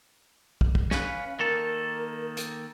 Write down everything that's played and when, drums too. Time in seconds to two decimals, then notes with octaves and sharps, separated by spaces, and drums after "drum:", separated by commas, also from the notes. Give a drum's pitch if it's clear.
0.61 drum: kick
0.75 drum: kick
0.91 C#4 B4 F5, drum: snare
1.39 D#3 A#3 A4 A#4
2.37 drum: hi-hat